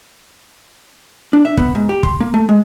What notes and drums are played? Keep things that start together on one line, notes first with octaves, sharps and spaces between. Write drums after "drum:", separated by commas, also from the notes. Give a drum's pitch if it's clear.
D4
E5
B3, drum: kick
G#2
G4
C6, drum: kick
A#3
A3
G#3